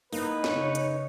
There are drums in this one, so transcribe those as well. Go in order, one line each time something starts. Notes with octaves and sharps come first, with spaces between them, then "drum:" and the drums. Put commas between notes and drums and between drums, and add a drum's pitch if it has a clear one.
A#3 B3 D#4 E4 B4, drum: open hi-hat
C#3 C#5, drum: snare
drum: hi-hat